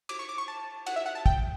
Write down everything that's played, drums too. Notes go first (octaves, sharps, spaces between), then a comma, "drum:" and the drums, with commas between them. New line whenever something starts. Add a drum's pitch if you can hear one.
D6, drum: cymbal
C#6
D6
C#6
A5
F#5, drum: cymbal
E5
F#5
A5
G5, drum: kick